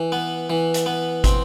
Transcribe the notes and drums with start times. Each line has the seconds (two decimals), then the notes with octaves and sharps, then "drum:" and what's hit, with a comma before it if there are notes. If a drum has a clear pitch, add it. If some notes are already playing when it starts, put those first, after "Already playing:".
Already playing: E3
0.12 B3
0.50 E3
0.74 drum: hi-hat
0.86 B3
1.24 C4, drum: kick, hi-hat